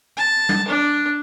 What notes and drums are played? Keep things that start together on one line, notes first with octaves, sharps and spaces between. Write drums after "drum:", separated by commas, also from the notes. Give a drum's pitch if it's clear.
A5
drum: tom G3
D4